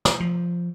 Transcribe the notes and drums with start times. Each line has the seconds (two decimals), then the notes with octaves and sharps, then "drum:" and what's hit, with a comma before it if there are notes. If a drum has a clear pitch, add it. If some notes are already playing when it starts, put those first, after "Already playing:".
0.05 drum: snare
0.20 F3